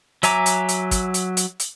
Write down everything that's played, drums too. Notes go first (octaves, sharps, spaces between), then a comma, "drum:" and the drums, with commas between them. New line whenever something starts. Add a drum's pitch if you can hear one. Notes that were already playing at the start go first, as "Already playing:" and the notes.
F#3 E5 G#5 A#5 D6, drum: hi-hat
drum: hi-hat
drum: hi-hat
drum: kick, hi-hat
drum: hi-hat
drum: hi-hat
drum: hi-hat